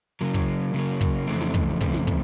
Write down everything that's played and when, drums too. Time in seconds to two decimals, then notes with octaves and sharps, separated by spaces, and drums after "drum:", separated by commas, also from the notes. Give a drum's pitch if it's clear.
0.21 C#3 F#3 A#3
0.34 drum: kick
0.74 C#3 F#3 A#3
1.01 drum: kick
1.27 F2 C#3 E3 A3 C4
1.41 drum: snare
1.54 drum: kick
1.81 F2 C#3 E3 A3 C4, drum: kick
1.94 drum: snare
2.07 drum: kick